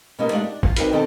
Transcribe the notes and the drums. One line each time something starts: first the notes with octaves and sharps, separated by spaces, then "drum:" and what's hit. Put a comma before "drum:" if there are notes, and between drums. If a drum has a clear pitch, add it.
B2 A#3 C#4 D#4 G4
G#3 A3 D4 F4 G4 F#5
D4
F4, drum: kick
C4 D4 D#4 F#4 A#4 B4, drum: hi-hat
B2 D#3 C4 A4 G5 A5